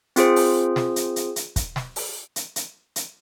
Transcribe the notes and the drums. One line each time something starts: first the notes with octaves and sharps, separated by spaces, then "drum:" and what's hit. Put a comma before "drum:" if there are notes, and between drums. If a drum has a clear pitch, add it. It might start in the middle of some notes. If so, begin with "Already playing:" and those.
C4 F4 G#4 C5, drum: hi-hat
drum: open hi-hat
drum: snare
drum: hi-hat
drum: hi-hat
drum: hi-hat
drum: kick, hi-hat
drum: snare
drum: open hi-hat
drum: hi-hat
drum: hi-hat
drum: hi-hat